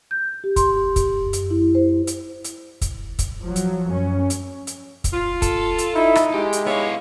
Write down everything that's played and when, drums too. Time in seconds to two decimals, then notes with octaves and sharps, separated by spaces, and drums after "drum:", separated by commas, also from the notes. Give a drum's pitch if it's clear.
0.11 G6
0.44 G4
0.56 C6, drum: kick, hi-hat
0.76 G4
0.96 G4, drum: kick, hi-hat
1.19 F#2
1.33 drum: hi-hat
1.50 E4
1.75 C5
2.07 drum: hi-hat
2.44 drum: hi-hat
2.81 drum: kick, hi-hat
3.19 drum: kick, hi-hat
3.42 F3 F#3
3.56 drum: hi-hat
3.89 F#2 C#4
4.30 drum: hi-hat
4.67 drum: hi-hat
5.04 drum: kick, hi-hat
5.13 F4
5.42 A4, drum: kick, hi-hat
5.78 drum: hi-hat
5.95 D#4 E4
6.15 drum: rim click
6.34 G#3 G4
6.53 drum: hi-hat
6.66 B3 E4 G4 C#5 F5